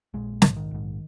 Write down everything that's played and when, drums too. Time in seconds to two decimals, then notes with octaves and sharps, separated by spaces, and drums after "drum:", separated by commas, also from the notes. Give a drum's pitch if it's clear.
0.14 A#1 A#2 G#3
0.42 A#1 G#2 F3, drum: snare
0.57 D#3
0.71 A#1 G#2